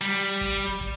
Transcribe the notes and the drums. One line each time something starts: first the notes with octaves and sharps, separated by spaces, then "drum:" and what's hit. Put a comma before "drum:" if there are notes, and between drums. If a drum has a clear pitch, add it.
G3
drum: kick
drum: kick